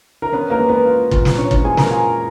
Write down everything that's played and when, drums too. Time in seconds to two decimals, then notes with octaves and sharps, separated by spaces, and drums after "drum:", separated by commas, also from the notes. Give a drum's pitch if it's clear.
0.22 A#4
0.33 B3 C#4 B4
0.50 A#3 A#4
0.59 G#3
0.68 B3 B4
0.86 F4
1.11 A#2, drum: kick
1.25 drum: snare
1.38 C#4 C#5
1.51 C#4 C#5, drum: kick
1.64 G#3 G#4 G#5
1.77 A#4 A#5, drum: snare
1.91 F4 G#4 G#5